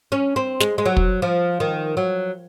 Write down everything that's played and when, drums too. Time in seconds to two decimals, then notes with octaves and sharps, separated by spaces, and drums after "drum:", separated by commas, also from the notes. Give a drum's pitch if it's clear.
0.12 C#4
0.36 C4
0.60 G#3, drum: snare
0.78 G#3
0.86 F#3
0.97 drum: kick
1.22 F3
1.60 D#3
1.97 F#3